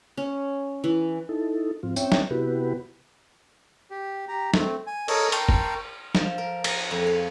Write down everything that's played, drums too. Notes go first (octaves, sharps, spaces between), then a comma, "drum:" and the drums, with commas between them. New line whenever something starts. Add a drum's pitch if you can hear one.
C#4
E3
D#4 E4 A4
G#2 F3 C4 F4
C4 C#4 C#5 E5 G5, drum: tambourine
drum: snare
C3 B3 E4 F#4 G4 B4
G4
G4 A#5
A3 C4, drum: snare
G#5
A4 A#4 C#5 D#5, drum: cymbal
A#4 G5 A5 C6 C#6, drum: hi-hat
drum: kick
F3, drum: snare
A#4
A#4, drum: cymbal
F2
F5